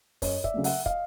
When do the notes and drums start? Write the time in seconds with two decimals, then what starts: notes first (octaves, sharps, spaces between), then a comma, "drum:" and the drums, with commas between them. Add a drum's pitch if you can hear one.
0.22 F#2 C#5 D#5, drum: kick, open hi-hat
0.44 D5 E5, drum: kick
0.54 C#3 F#3 A3
0.64 E5 F#5, drum: open hi-hat
0.86 D#5 F5, drum: kick